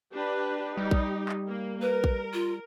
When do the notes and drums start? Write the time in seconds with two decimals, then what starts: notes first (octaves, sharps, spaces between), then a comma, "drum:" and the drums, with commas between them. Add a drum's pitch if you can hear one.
0.13 D4 G4 B4
0.77 G3 D#4 G4
0.91 drum: kick A#1
1.29 drum: clap
1.48 A#3
1.82 A#4 B4
2.04 drum: kick A#1
2.33 F4